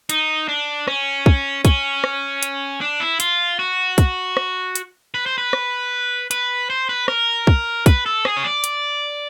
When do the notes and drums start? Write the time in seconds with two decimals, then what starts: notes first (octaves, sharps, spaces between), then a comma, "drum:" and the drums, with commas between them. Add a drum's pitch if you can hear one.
0.10 D#4, drum: hi-hat
0.48 D4
0.88 C#4, drum: rim click
1.26 drum: kick
1.65 C#4, drum: kick, hi-hat
2.04 drum: rim click
2.43 drum: hi-hat
2.81 D4
3.00 E4
3.20 F4, drum: hi-hat
3.59 F#4
3.98 drum: kick, hi-hat
4.37 drum: rim click
4.75 drum: hi-hat
5.14 B4
5.26 C5
5.38 B4
5.53 drum: rim click
6.31 B4, drum: hi-hat
6.70 C5
6.89 B4
7.08 A#4, drum: rim click
7.47 drum: kick
7.86 B4, drum: kick, hi-hat
8.06 A4
8.25 G#4, drum: rim click
8.37 C#5
8.44 D5
8.64 drum: hi-hat